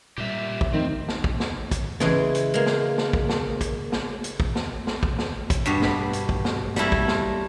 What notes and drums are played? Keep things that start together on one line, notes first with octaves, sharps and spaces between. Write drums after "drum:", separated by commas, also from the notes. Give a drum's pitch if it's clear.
A#2 G3 G4 A#4 E5
drum: kick
D#3 F3 A3 C4
drum: snare
drum: kick
drum: snare
drum: kick, hi-hat
C#3 E3 G#3, drum: snare
drum: hi-hat
G#3 A#3
drum: snare
drum: snare
drum: kick
drum: snare
drum: kick, hi-hat
drum: snare
drum: hi-hat
drum: kick
drum: snare
drum: snare
drum: kick
drum: snare
drum: kick, hi-hat
G2 B2 F#4 G4
drum: snare
drum: hi-hat
drum: kick
drum: snare
G3 A3 A#3 E4, drum: snare
drum: kick
drum: snare